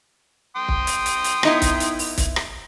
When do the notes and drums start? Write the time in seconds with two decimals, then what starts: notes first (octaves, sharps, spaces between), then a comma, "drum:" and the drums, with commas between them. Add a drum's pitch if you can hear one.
0.56 G5 C6 D#6
0.68 drum: kick
0.87 drum: hi-hat
1.06 drum: hi-hat
1.24 drum: hi-hat
1.43 B3 D#4 E4, drum: rim click
1.62 drum: kick, hi-hat
1.80 drum: hi-hat
1.99 drum: open hi-hat
2.18 drum: kick, hi-hat
2.36 drum: rim click